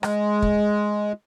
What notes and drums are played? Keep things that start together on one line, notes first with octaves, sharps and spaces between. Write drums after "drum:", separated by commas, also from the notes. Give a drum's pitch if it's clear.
G#3, drum: rim click
drum: kick